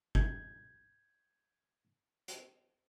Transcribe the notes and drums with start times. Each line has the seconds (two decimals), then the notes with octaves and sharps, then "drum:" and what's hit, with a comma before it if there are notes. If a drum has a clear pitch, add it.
0.15 G6 G#6, drum: kick
2.28 drum: hi-hat